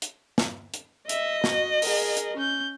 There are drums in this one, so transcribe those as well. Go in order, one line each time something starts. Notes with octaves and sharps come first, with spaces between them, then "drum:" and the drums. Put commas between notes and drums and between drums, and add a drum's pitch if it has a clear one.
drum: hi-hat
drum: snare
drum: hi-hat
D#5 E5, drum: hi-hat
F#4, drum: snare
G#4 A#4, drum: open hi-hat
drum: hi-hat
C#4 G6